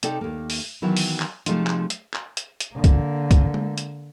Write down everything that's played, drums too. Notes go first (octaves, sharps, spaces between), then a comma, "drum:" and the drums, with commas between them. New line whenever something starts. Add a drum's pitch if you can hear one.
C3 D#4 A4 D5 G5, drum: hi-hat
D#2 A#3
drum: open hi-hat
D#3 E3 F#3 B3 E4
drum: open hi-hat
drum: clap
C3 F3 G#3 A3 D#4 F4, drum: hi-hat
drum: clap
drum: hi-hat
drum: clap
drum: hi-hat
drum: hi-hat
D3 A#3
drum: kick, hi-hat
drum: kick, hi-hat
drum: tom G#3
drum: hi-hat